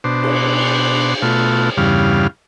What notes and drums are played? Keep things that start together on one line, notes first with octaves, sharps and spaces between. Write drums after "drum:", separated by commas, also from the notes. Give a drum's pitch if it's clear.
B2 D4 C5
drum: cymbal
B2 A3 F4
E2 G2 C#3 G3 F5